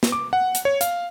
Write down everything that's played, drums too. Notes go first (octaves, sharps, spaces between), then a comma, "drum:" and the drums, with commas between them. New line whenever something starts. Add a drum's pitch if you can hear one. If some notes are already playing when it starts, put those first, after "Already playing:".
drum: snare
D6
F#5
drum: hi-hat
C#5
F5, drum: hi-hat